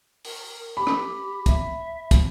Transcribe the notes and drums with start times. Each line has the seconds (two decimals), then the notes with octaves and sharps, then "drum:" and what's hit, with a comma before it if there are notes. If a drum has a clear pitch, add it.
0.25 A#4, drum: open hi-hat
0.77 G4 B5
0.87 drum: rim click
1.46 E5, drum: kick, hi-hat
2.11 drum: kick, hi-hat